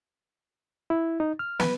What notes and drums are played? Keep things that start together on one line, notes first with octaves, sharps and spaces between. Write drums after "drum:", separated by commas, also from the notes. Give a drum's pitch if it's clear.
E4
D#4
F6
B4, drum: snare